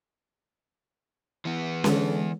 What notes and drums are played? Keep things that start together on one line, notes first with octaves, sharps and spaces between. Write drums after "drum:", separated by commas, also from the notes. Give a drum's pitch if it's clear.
E3 B3
D3 G#3 A4, drum: snare C#4